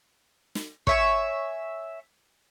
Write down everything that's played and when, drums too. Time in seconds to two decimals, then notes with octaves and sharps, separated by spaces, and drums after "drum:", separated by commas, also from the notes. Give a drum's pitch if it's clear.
0.55 drum: snare
0.87 C#5 E5 G#5, drum: kick